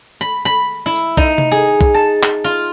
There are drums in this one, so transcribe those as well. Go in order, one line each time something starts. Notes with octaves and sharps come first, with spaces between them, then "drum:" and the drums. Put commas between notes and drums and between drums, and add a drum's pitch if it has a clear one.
B5
B5
E4
drum: tambourine
D#4, drum: kick
drum: tom C3
G#4
drum: kick, tambourine
A5
drum: clap
F4